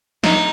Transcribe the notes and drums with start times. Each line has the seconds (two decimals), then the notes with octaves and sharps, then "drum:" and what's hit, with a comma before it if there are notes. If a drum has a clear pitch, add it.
0.24 D#4, drum: snare